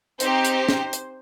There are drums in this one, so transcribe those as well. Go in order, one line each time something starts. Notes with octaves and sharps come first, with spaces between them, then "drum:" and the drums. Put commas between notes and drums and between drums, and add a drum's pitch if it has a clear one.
C4 D#4 G4 C5, drum: hi-hat
drum: hi-hat
drum: snare
drum: hi-hat